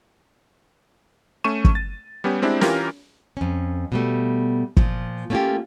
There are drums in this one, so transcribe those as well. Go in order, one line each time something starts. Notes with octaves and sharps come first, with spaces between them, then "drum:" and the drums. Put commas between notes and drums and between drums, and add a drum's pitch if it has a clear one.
A3 C#4 C#6 D#7 E7
drum: kick
A6
G3 B3 C#4 G4
G#3 C4 D4 E4 G4
E3 C#4 F4 G4 A#4, drum: snare
F2 C#4
B2 G3 A3
A#2 F3, drum: kick
A3 A#3 C#4 E4 F4 G4